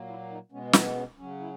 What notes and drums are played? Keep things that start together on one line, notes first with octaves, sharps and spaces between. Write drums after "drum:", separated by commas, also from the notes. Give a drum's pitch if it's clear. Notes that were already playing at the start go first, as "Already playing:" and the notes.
Already playing: A#2 F#3 A#3
E4
D#4
B2 G#3 B3 C#4
D#4, drum: snare
C#4
C#3 F#3 C#4
E4